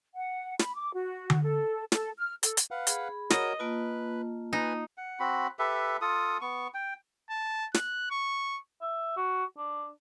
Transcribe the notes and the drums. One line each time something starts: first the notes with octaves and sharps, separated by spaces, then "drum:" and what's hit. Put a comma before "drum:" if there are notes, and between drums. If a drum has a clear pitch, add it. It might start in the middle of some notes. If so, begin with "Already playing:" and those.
F#5
B5, drum: snare
D6
F#4
drum: tom D3
A4
A4, drum: snare
F6
A4, drum: hi-hat
drum: hi-hat
B4 F5 F#5
G#4 B5, drum: hi-hat
F#4 A#4 C#5 D#5, drum: snare
A#3 F4 B4 A5
D#4 B4 G#5
F#5
C4 F#4 B5
G4 A4 B4 E5
F4 A4 D#6
B3 C#6
G5
A5
F#6, drum: snare
C#6
E5
F#4
D4